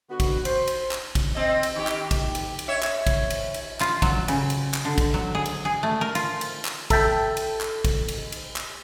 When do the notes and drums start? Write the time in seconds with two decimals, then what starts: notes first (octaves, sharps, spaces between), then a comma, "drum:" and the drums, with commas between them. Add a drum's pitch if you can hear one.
0.11 D3 B3 F#4
0.20 drum: kick A1, cymbal
0.45 C5, drum: cymbal
0.68 drum: cymbal
0.91 drum: clap
1.15 drum: kick A1, cymbal
1.35 C4 D#5
1.63 drum: cymbal
1.76 D#3 G4
1.87 drum: clap
2.11 drum: kick A1, cymbal
2.35 drum: cymbal
2.59 drum: cymbal
2.68 C#5 E5
2.83 drum: clap
3.07 drum: kick A1, cymbal
3.30 drum: cymbal
3.54 drum: cymbal
3.81 F4, drum: clap
4.02 F#3, drum: kick A1, cymbal
4.28 C#3, drum: cymbal
4.50 drum: cymbal
4.74 drum: clap
4.85 D3
4.98 drum: kick A1, cymbal
5.14 F#3
5.35 G#4
5.46 drum: cymbal
5.65 G#4
5.83 A3
6.01 A#4
6.15 F4, drum: cymbal
6.41 drum: cymbal
6.65 drum: clap
6.90 A4 E5 G5, drum: kick A1, cymbal
7.37 drum: cymbal
7.61 drum: clap
7.85 drum: kick A1, cymbal
8.08 drum: cymbal
8.32 drum: cymbal
8.56 drum: clap